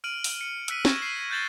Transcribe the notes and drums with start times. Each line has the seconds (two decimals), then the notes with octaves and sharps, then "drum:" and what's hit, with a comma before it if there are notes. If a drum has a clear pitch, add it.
0.04 F6 D7 D#7 F#7
0.24 drum: open hi-hat
0.41 C#7
0.68 E6 F#6 B6 D#7, drum: hi-hat
0.85 C#6 G#6 A#6 E7, drum: snare
1.02 C7
1.30 F#6 G6 A6 E7 G7